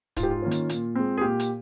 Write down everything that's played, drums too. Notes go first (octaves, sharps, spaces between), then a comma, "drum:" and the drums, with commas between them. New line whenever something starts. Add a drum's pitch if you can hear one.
G#2 F4, drum: kick, hi-hat
G4
F4
D#3 A#3 C#4
drum: hi-hat
A#2, drum: hi-hat
G#3 C4
G#4
A#2 G4
drum: hi-hat